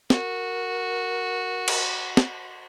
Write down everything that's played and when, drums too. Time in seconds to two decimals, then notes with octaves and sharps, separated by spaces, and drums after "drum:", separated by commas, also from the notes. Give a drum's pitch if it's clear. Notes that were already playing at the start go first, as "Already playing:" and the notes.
0.10 F#4 A#4, drum: snare
1.68 drum: cymbal
2.17 drum: snare